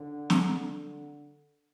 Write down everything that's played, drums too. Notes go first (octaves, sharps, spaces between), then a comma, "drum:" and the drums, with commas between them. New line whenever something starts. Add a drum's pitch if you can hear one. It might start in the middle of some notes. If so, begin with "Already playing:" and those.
Already playing: D3
drum: snare
D3